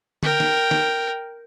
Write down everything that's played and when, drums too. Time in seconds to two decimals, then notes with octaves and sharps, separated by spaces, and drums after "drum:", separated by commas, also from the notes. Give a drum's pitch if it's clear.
0.23 A#4 G5, drum: tom D3
0.40 drum: snare
0.71 drum: snare